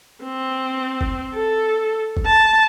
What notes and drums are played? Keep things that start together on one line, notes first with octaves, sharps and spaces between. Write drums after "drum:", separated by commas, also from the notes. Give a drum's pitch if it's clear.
C4
drum: kick F#1
A4
drum: kick F#1
A5